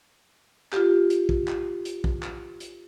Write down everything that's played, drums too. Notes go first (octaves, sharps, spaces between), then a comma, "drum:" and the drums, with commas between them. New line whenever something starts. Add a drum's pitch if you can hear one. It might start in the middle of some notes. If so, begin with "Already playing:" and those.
F4 G4, drum: clap
drum: hi-hat
drum: kick
drum: clap
drum: hi-hat
drum: kick
drum: clap
drum: hi-hat